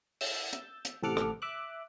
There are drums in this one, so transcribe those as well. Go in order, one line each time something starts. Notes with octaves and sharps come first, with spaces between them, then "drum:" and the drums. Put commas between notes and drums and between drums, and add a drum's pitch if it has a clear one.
E6 G6 A6, drum: open hi-hat
drum: hi-hat
drum: hi-hat
A1 C3 A4 F#5 D6 F6
drum: rim click
E5 D6 F#6